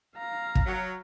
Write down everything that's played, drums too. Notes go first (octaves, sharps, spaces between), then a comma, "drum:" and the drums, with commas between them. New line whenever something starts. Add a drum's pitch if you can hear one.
F5 A#5
drum: kick
F#3